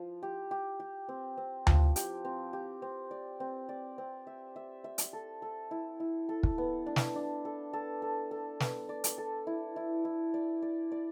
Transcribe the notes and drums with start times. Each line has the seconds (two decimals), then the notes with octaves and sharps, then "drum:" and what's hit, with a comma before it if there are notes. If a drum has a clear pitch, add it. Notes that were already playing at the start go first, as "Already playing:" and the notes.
Already playing: F3
0.23 G4
0.51 G4
0.80 G4
1.09 C4
1.37 C4
1.67 F3, drum: tom D2
1.96 G4, drum: hi-hat
2.25 C4
2.53 G4
2.82 C4
3.11 D5
3.40 C4
3.69 D5
3.98 C4
4.27 E5
4.56 E5
4.84 E5
4.98 drum: hi-hat
5.13 A4
5.42 A4
5.71 E4
6.00 E4
6.29 A4
6.43 drum: kick
6.58 B3
6.86 D4
6.96 drum: snare
7.15 D4
7.45 A4
7.73 A4
8.02 A4
8.31 A4
8.60 B3, drum: snare
8.89 D5
9.04 drum: hi-hat
9.18 A4
9.47 E4
9.76 E4
10.05 E4
10.34 D5
10.62 D5
10.92 D5